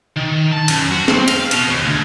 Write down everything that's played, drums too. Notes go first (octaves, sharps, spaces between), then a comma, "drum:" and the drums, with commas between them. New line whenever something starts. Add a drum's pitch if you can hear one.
D#3
A5
F#2, drum: cymbal
F#4
C4, drum: snare
F5, drum: cymbal
B2, drum: cymbal
D#2
D2